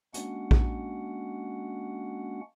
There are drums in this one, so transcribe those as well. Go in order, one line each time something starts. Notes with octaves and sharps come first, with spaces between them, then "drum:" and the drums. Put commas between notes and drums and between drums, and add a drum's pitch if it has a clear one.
G#3 A#3 C#4 D4 F#4 F#5, drum: hi-hat
drum: kick A#1